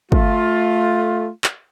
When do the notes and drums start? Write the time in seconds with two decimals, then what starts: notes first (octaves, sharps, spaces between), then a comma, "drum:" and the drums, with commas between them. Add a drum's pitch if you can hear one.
0.12 A3 F4, drum: kick
1.44 drum: clap